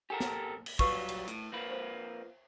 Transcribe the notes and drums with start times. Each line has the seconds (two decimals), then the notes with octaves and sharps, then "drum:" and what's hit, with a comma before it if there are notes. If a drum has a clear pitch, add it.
0.10 G4 A4 A#4 F#5 G#5
0.20 drum: snare
0.66 drum: cymbal
0.79 F#3 G3 F4 B4 C#6, drum: kick
1.09 drum: cymbal
1.28 A2, drum: hi-hat
1.52 F3 A#3 B4
1.71 C5 C#5